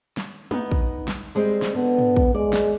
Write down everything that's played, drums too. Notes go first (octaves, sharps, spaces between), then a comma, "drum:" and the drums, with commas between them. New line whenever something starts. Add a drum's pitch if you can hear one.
drum: snare
B3 D#4, drum: tom
drum: kick
drum: snare
G3 G#3 C4
drum: snare
D3 B3
drum: tom
drum: kick
G#3 D5
drum: snare